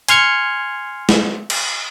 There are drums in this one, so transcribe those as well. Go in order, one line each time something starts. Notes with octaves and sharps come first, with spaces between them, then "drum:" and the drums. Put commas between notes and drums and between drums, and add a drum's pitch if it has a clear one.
G#5 C6 F6 G#6 C#7, drum: hi-hat
drum: snare
drum: cymbal